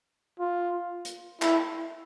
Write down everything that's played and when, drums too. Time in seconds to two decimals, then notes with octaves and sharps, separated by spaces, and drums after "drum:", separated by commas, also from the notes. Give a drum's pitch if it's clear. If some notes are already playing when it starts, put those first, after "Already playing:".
0.40 F4
1.05 drum: hi-hat
1.42 E4, drum: clap